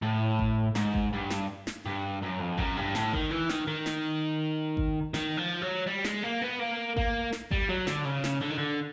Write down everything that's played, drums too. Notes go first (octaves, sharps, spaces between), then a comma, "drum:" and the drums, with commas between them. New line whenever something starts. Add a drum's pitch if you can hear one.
A2
drum: kick G#1
G#2, drum: snare
drum: kick G#1
G2
drum: snare
drum: snare
G2
F#2
F2
F#2, drum: kick G#1
G2
A2, drum: snare
D#3, drum: kick G#1
E3
D#3, drum: snare
D#3
drum: snare
drum: kick G#1
D#3, drum: snare
F3
F#3
G3
G#3, drum: snare
A#3
B3
A#3
A#3, drum: kick G#1
drum: snare
G3, drum: kick G#1
F#3
D3, drum: snare
C#3
drum: snare
D3
D#3
D3